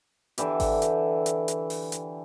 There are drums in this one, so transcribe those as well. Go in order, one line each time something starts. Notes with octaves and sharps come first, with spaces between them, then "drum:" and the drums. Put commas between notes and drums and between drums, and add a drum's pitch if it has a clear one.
D3 E3 G4, drum: hi-hat
drum: kick G#1, open hi-hat
drum: hi-hat
drum: hi-hat
drum: hi-hat
drum: open hi-hat
drum: hi-hat